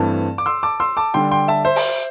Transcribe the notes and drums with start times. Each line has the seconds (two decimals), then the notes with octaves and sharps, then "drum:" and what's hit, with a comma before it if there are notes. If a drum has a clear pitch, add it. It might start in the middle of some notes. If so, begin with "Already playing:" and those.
Already playing: G2 E3 A3 C4 A5
0.38 D6
0.46 C6 E6
0.63 A5 D6
0.80 C6 E6
0.97 A5 D6
1.14 D3 G3 D4 G5 C6
1.31 G5 C6
1.48 E5 A5
1.65 C5 E5
1.76 drum: open hi-hat